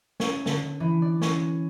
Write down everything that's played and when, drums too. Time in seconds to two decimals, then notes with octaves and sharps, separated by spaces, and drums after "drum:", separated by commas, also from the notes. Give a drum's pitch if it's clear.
0.20 C#4, drum: snare
0.46 D3, drum: snare
0.80 E3
1.02 D5
1.21 C#4, drum: snare